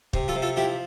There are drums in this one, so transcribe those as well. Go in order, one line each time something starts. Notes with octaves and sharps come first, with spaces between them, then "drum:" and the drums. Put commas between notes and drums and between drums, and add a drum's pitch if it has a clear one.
C3, drum: kick
F4 A4
C3
F4 A4
F3 E4 G4